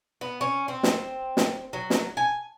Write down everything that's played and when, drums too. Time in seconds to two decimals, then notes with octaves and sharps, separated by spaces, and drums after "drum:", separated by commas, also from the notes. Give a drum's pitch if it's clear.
0.21 B3
0.41 C#4
0.68 C4
0.83 drum: snare
1.37 drum: snare
1.73 F#3
1.90 drum: snare
2.17 G#5